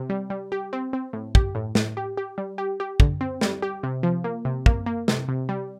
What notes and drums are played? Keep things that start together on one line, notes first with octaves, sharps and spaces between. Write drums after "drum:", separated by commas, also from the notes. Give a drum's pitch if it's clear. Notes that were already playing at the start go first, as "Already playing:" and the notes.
Already playing: C3
G3
G3
G4
C4
C4
A2
G4, drum: kick
A2
A2, drum: snare
G4
G4
G3
G4
G4
D3, drum: kick
C4
G3, drum: snare
G4
C3
F3
A#3
C3
A#3, drum: kick
A#3
C3, drum: snare
C3
G3